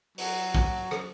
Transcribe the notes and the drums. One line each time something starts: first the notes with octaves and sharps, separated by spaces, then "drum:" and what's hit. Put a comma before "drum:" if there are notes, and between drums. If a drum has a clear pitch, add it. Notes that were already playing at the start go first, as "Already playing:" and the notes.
F#3, drum: open hi-hat
drum: kick
drum: rim click